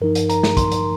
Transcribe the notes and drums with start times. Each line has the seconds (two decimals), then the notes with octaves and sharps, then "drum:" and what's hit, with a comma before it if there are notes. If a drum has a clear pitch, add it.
0.01 G2 F3 D#4 A#4
0.15 drum: hi-hat
0.30 A#5, drum: hi-hat
0.43 drum: snare
0.57 C6, drum: kick, hi-hat
0.72 drum: hi-hat